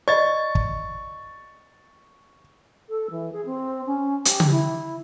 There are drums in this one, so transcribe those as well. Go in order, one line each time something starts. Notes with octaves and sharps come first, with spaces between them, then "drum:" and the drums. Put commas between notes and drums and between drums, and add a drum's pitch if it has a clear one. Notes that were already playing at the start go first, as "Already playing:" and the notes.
D5 D#5 C#6 A6
drum: kick
A4
E3
G#4
C4
C#4
G4, drum: hi-hat
drum: tom C#3
E4